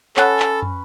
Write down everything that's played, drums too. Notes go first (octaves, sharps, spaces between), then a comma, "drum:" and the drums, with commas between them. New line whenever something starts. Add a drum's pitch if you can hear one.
C#4 A4 B4 C#5 F#5 F#6, drum: clap
drum: clap
drum: tom